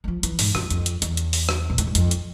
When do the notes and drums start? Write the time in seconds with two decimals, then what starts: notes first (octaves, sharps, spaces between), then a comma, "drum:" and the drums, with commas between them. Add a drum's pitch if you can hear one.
0.04 G#3
0.08 F3
0.23 E3, drum: hi-hat
0.39 G#2, drum: open hi-hat
0.55 F2, drum: rim click
0.70 F2, drum: hi-hat
0.86 drum: hi-hat
1.02 E2, drum: hi-hat
1.17 drum: hi-hat
1.33 drum: open hi-hat
1.49 drum: rim click
1.70 B2
1.78 A2, drum: hi-hat
1.87 G#2
1.95 F2, drum: hi-hat
2.11 drum: hi-hat